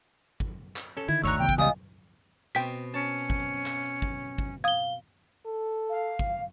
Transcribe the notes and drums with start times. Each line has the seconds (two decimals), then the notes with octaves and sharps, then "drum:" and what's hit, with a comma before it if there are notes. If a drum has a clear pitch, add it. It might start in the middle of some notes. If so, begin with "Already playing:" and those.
0.40 drum: kick
0.76 drum: clap
0.97 C#4 A4
1.09 D3 D#3 E4 G#6
1.24 G1 D2 D#3 C#5 A#5 C#6 E6 F#6
1.39 C#3 E3 B3 G5
1.49 drum: kick
1.58 C#2 G3 D#5 F5 G#5 D#6
2.55 B2 C4 G5 B6
2.94 C#4 A5
3.30 drum: kick
3.66 drum: clap
4.02 drum: kick
4.38 drum: kick
4.64 F5 D#6 G#6 G7
5.46 A4
5.90 F5
6.19 drum: kick